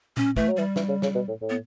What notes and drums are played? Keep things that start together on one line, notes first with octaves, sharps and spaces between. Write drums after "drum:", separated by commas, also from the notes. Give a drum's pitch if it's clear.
C#4, drum: tom A#2
E3 A3, drum: kick
F#3
E3 G3
E3, drum: snare
C#3
C#3, drum: snare
B2
A2
A2
B3